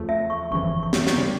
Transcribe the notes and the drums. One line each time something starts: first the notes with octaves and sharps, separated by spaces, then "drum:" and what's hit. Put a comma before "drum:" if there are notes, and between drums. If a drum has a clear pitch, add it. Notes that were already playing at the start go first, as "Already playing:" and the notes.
Already playing: E2 C#3 F3 A3
E5
C#6
G1 F2 C#3 E3 C#6
C#6
drum: snare
drum: snare
C#3 G3 D4 G4